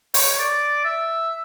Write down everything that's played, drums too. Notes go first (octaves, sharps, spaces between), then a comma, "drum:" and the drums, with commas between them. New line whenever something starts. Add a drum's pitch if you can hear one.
C#5, drum: open hi-hat
D5
E5